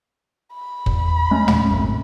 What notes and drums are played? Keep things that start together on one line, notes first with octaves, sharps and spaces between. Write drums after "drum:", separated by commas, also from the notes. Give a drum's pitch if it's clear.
B5
E2, drum: kick
G#3 A3 C#4
drum: tom
A1 F#2 C3